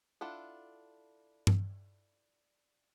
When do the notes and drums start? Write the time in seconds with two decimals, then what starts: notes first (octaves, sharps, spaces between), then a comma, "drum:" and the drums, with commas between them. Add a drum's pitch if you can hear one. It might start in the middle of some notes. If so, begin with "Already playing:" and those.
0.21 D4 E4 F4 A4 F#5
1.47 drum: tom G2